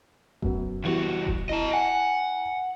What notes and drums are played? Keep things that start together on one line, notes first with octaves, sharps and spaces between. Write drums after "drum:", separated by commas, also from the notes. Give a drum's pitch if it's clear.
F#2 B3, drum: kick D#1
C#2 E3 G3 B3 F#4
drum: kick D#1
E4 D#5 A5 A#5
F#5 G#5